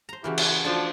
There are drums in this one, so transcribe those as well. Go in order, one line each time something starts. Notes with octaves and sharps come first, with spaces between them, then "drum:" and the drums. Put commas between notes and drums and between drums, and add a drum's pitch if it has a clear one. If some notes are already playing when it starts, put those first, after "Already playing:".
C5 A#5
C#3 E3 A#3 E4 F#4 G4
F#5 G#5, drum: cymbal
D2 F3 D4 A4 D5